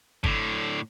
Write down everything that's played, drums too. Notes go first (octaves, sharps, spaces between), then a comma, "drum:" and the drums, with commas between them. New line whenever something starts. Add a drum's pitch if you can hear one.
A2 D3, drum: kick